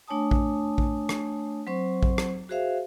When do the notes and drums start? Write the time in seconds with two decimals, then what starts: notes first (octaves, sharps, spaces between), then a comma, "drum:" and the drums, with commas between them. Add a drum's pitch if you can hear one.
0.08 A3 D4 C#5 G#5 A5 D#6
0.31 drum: kick A#1
0.78 drum: kick A#1
1.09 drum: rim click
1.67 F#3 C4 C5 C#6
2.03 drum: kick A#1
2.18 drum: rim click
2.49 F#4 G#4 C5 E5 F5